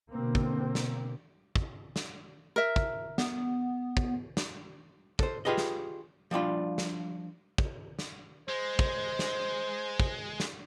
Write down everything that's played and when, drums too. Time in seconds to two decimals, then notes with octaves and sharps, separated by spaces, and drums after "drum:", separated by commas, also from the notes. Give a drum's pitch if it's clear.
0.13 B2 D3 A#3 C4
0.35 drum: kick
0.75 drum: snare
1.56 drum: kick
1.96 drum: snare
2.56 A#4 E5
2.76 drum: kick
3.18 B3, drum: snare
3.97 drum: kick
4.37 drum: snare
5.19 A4 C5, drum: kick
5.45 F4 G4 G#4 B4 D#5
5.57 drum: snare
6.31 F3 G3 D4 F4
6.78 drum: snare
7.58 drum: kick
7.99 drum: snare
8.49 G#3 C5
8.79 drum: kick
9.19 drum: snare
10.00 drum: kick
10.40 drum: snare